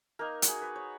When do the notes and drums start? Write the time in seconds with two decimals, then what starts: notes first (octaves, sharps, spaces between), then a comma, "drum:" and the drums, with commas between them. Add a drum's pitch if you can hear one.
0.19 A#3 D#4 A#4
0.42 F#4, drum: hi-hat
0.48 G#4
0.62 B4
0.76 C#5